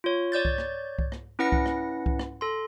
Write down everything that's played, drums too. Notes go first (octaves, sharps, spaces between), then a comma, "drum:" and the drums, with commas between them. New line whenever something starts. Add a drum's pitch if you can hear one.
F4 C#5
C#5 D5 G6 A6
drum: kick C2
drum: rim click
drum: kick C2
drum: rim click
C#4 E4 B4 F#5 A#6 C#7
drum: kick C2
drum: rim click
drum: kick C2
drum: rim click
A4 C6